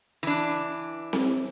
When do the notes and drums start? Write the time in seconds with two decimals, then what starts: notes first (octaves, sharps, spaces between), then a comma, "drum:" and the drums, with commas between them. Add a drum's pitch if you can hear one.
0.23 E3 D4
1.13 drum: snare C4